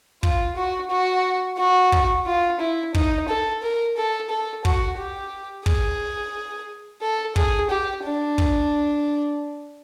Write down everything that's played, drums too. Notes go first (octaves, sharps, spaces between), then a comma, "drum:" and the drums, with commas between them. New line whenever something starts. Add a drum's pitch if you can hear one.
F4, drum: kick
F#4
F#4
F#4
drum: kick
F4
E4
D#4, drum: kick
A4
A#4
A4
A4
F#4, drum: kick
G4
G#4, drum: kick
A4
G#4, drum: kick
G4
D4
drum: kick